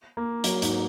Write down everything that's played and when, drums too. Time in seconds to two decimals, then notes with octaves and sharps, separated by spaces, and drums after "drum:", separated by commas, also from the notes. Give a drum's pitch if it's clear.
0.17 A#3
0.44 F#3, drum: hi-hat
0.62 G#2, drum: hi-hat